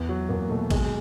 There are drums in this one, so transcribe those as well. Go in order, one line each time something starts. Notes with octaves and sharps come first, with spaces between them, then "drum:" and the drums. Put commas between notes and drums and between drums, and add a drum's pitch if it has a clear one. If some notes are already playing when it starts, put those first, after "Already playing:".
Already playing: E2 B3
F#3
E2 A#3
B2 A3
B1 G#3, drum: kick, cymbal